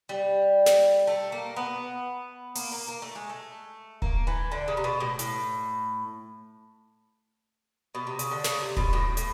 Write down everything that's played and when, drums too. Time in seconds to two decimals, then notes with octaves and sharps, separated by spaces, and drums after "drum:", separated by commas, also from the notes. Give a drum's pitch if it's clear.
0.09 G3
0.66 drum: snare
1.07 A3
1.32 A#3
1.56 B3
2.55 A#3, drum: open hi-hat
2.72 A#3
2.88 A#3
3.02 A3
3.15 G#3
3.29 A3
4.02 A#3, drum: kick D#1
4.27 E3
4.52 D3
4.68 C#3
4.77 C3
4.84 B2
5.00 A2
5.19 A2, drum: hi-hat
7.95 B2
8.07 C3
8.19 C#3, drum: hi-hat
8.31 D3
8.44 C#3, drum: snare
8.60 C3
8.77 B2, drum: kick D#1
8.93 A2
9.17 A2, drum: hi-hat